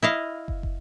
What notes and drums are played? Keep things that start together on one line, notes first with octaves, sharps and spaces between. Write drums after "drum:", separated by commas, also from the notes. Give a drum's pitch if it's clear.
E4 D#5 F5
drum: kick
drum: kick